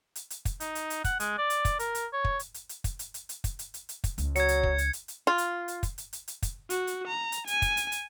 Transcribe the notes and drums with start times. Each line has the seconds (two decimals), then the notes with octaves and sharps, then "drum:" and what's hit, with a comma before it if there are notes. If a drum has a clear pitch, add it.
0.16 drum: hi-hat
0.30 drum: hi-hat
0.45 drum: kick, hi-hat
0.60 D#4, drum: hi-hat
0.75 drum: hi-hat
0.90 drum: hi-hat
1.04 F#5, drum: kick, hi-hat
1.20 G#3, drum: hi-hat
1.38 D5
1.50 drum: hi-hat
1.65 drum: kick, hi-hat
1.79 A#4, drum: hi-hat
1.95 drum: hi-hat
2.13 C#5
2.25 drum: kick
2.39 drum: hi-hat
2.54 drum: hi-hat
2.69 drum: hi-hat
2.84 drum: kick, hi-hat
2.99 drum: hi-hat
3.14 drum: hi-hat
3.29 drum: hi-hat
3.44 drum: kick, hi-hat
3.59 drum: hi-hat
3.74 drum: hi-hat
3.89 drum: hi-hat
4.04 drum: kick, hi-hat
4.18 C#2, drum: hi-hat
4.36 F#3 G#6 C#7, drum: hi-hat
4.48 drum: hi-hat
4.63 drum: kick
4.78 drum: hi-hat
4.93 drum: hi-hat
5.08 drum: hi-hat
5.27 F4
5.38 drum: hi-hat
5.68 drum: hi-hat
5.83 drum: kick, hi-hat
5.98 drum: hi-hat
6.13 drum: hi-hat
6.28 drum: hi-hat
6.43 drum: kick, hi-hat
6.70 F#4, drum: hi-hat
6.87 drum: hi-hat
7.08 A#5
7.32 drum: hi-hat
7.47 G#5, drum: hi-hat
7.62 drum: kick, hi-hat
7.77 drum: hi-hat
7.92 drum: hi-hat